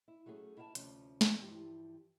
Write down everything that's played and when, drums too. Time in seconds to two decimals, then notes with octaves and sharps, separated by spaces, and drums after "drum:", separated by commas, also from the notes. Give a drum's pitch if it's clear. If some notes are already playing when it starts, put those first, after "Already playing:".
0.08 E4
0.26 F#3 A3 C#4 F#4 G#4
0.57 E4 E5 F5 G5 A5
0.75 D2 C3 F3 C#4, drum: hi-hat
1.21 drum: snare
1.39 G2 E3 F3 G4